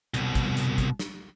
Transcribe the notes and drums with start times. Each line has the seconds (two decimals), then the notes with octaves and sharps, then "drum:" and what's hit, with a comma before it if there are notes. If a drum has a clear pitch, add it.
0.14 C2 B2, drum: hi-hat
0.35 drum: kick, hi-hat
0.57 drum: hi-hat
0.78 drum: kick, hi-hat
0.99 drum: snare